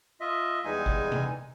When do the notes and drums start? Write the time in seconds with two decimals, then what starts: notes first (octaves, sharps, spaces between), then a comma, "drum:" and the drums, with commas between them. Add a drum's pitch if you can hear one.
0.20 F4 D#5 E5
0.65 E2 E3 G3 G#3 D#4 G#5
0.86 drum: kick G#1
1.12 drum: tom C3